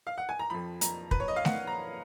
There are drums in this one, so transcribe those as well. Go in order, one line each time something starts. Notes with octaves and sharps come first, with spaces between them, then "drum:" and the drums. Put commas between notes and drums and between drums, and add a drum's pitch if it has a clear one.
F5
F#5
G#5
A#5
F2 F3 B5
A#5, drum: hi-hat
B4, drum: kick
C#5
D#5
F5
F#5, drum: snare A3
A#5